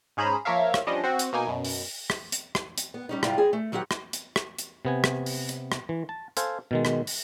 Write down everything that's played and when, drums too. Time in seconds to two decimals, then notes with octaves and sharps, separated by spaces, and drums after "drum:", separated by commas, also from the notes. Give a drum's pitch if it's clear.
0.17 G#2 C#4 G#4 C5 A#5 B5
0.45 F3 A#3 A#4 C#5 E5 F5
0.74 drum: rim click
0.87 F3 G3 C#4 D4 D#5
1.04 C4 F#4
1.19 drum: hi-hat
1.33 B2 A#3 D#4 G#5
1.47 F#2 B2
1.65 drum: open hi-hat
2.10 drum: rim click
2.32 drum: hi-hat
2.55 drum: rim click
2.78 drum: hi-hat
2.94 B3
3.09 G3 C#4 D#4
3.23 G#2 C3 G3 E4 F4 G4, drum: rim click
3.38 E2 C4 G#4 G#5
3.53 A3
3.72 D#3 F#3 C4 G4 F#5
3.91 drum: rim click
4.13 drum: hi-hat
4.36 drum: rim click
4.59 drum: hi-hat
4.85 C3 B3 G#5
5.04 drum: rim click
5.26 drum: open hi-hat
5.49 drum: hi-hat
5.72 drum: rim click
5.89 E3
6.09 A5
6.37 A4 C5 F5 G#5, drum: hi-hat
6.71 B2 D#3 G#3
6.85 drum: rim click
7.07 drum: open hi-hat